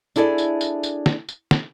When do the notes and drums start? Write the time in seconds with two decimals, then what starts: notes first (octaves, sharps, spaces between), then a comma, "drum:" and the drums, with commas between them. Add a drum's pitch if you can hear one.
0.16 D4 E4 G#4 A4 B4 D5, drum: tambourine
0.38 drum: tambourine
0.61 drum: tambourine
0.83 drum: tambourine
1.06 drum: snare
1.28 drum: tambourine
1.51 drum: snare